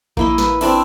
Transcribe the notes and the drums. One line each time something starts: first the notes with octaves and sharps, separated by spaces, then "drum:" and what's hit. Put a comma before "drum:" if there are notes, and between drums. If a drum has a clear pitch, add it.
A#3 E4 D#5, drum: kick A#1
B4, drum: snare
C4 D4 E4, drum: cymbal